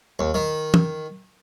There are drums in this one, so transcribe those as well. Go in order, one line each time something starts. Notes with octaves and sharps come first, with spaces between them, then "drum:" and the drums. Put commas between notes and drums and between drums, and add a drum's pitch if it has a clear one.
D#2
D#3
drum: tom